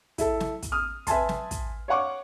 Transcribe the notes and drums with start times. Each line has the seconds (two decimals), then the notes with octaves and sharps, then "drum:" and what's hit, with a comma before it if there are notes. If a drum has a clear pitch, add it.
0.18 E4 A4, drum: kick, hi-hat
0.40 drum: snare
0.62 drum: kick, hi-hat
0.72 D#6 F6
1.07 B4 E5 G#5 A5 C6, drum: kick, hi-hat
1.29 drum: snare
1.51 drum: kick, hi-hat
1.88 C#5 F5 F#5 C#6 D6